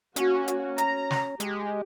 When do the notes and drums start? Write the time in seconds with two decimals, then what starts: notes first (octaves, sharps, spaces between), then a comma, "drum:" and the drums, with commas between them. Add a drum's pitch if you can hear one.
0.16 A#3 C#4 F#4, drum: hi-hat
0.48 drum: hi-hat
0.78 A#5, drum: hi-hat
1.10 drum: snare
1.40 G#3 G4, drum: hi-hat